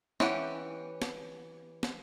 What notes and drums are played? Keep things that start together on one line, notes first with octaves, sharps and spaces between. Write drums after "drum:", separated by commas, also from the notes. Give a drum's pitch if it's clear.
E3 C#4 G4 F#5, drum: snare
drum: snare
drum: snare